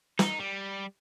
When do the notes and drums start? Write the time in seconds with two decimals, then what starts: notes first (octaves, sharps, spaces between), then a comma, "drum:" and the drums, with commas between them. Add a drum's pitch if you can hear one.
0.19 D#4, drum: snare
0.40 G3